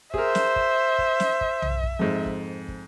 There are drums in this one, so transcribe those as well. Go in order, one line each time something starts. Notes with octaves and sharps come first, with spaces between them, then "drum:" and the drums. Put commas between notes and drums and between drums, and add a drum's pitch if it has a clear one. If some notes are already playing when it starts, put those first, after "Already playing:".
G#4 A#4 C5 E5, drum: kick
drum: snare
drum: kick
drum: kick
drum: snare
drum: kick
drum: tom B1
drum: kick
F2 G#2
drum: kick
drum: kick